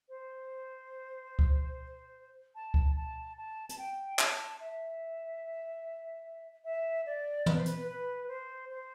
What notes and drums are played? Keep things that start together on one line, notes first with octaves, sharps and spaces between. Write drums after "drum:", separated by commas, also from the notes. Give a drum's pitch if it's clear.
C5
drum: kick C#2
A5
drum: kick C#2
A5
A5
A5, drum: hi-hat
G5
A5, drum: clap
E5
E5
D5
B4, drum: tom
C5
B4, drum: hi-hat
B4
C5
C5